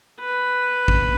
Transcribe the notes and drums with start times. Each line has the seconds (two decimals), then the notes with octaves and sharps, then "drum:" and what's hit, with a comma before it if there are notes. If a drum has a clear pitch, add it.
0.20 B4
0.88 drum: kick